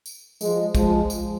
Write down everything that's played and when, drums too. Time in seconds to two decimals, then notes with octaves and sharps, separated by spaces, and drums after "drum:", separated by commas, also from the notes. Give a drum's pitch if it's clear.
0.06 drum: tambourine
0.41 F3 G#3, drum: tambourine
0.75 F3 G#3, drum: kick, tambourine
1.10 drum: tambourine